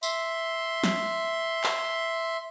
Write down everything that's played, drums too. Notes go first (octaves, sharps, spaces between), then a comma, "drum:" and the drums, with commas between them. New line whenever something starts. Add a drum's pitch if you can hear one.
E5 C6, drum: tambourine
drum: snare
drum: clap